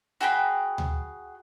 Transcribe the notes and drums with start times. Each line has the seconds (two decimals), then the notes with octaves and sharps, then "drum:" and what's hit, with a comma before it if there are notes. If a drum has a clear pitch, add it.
0.21 F#4 G#4 G5 B5
0.78 drum: tom D2